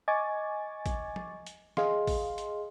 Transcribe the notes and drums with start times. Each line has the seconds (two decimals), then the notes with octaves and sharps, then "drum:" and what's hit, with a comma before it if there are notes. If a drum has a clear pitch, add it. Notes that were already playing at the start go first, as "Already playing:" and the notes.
0.08 D#5 G#5 C#6 D6 G#6 A6
0.86 drum: kick A1, hi-hat
1.16 drum: tom F3
1.47 drum: hi-hat
1.77 G#4 D#5 F5 C6, drum: snare
2.07 drum: kick A1, open hi-hat
2.38 drum: hi-hat